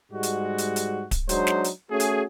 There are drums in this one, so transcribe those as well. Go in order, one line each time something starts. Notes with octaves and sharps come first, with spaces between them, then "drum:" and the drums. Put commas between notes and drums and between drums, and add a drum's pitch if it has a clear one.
G#2 G3 G#3 F#4
drum: hi-hat
drum: hi-hat
drum: hi-hat
drum: kick D1, hi-hat
F#3 G#3 D4 D#4 C5, drum: hi-hat
drum: snare
drum: hi-hat
A3 C#4 F#4 G#4
drum: hi-hat